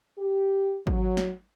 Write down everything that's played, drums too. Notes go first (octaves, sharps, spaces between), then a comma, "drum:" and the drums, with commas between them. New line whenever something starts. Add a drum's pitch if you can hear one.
G4
F#3, drum: kick
drum: snare